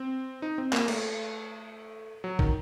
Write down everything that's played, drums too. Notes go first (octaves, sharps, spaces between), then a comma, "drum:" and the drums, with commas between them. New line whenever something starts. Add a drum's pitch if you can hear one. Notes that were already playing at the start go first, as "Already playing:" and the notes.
Already playing: C4
D#4
C4
A#3, drum: clap
A3, drum: cymbal
F#3
D#3, drum: kick